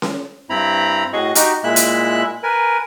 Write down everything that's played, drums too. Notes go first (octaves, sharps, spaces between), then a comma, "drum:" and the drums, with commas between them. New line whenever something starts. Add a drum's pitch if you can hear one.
drum: snare C#4
G2 C4 E4 A#5 B5
A2 F#4 G#4 D#5 C#6
D#4 F#4 G4, drum: hi-hat
A#2 G#3 E4 E5 F#6
drum: hi-hat
A#4 B4 G#5